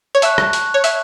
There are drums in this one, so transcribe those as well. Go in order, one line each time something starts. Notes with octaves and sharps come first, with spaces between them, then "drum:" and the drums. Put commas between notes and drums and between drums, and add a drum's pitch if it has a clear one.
C#5
E5 A5 C#6 F#6, drum: hi-hat
drum: rim click
drum: hi-hat
C#5
E5, drum: hi-hat